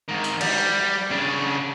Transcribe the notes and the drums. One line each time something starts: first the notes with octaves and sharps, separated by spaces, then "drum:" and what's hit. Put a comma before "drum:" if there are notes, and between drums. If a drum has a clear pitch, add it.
G#2 D#3
drum: tambourine
G3, drum: cymbal
C#3 D4